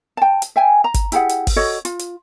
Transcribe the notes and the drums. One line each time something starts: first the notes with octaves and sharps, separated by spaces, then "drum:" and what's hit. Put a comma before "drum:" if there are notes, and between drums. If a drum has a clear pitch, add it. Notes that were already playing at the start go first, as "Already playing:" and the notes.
G5 A5
drum: hi-hat
E5 G5 G#5
A#5
drum: kick G#1, hi-hat
E4 G4 G#4 F#5, drum: hi-hat
drum: hi-hat
drum: kick G#1, open hi-hat
F#4 A4 C#5 D#5
F4, drum: hi-hat
drum: hi-hat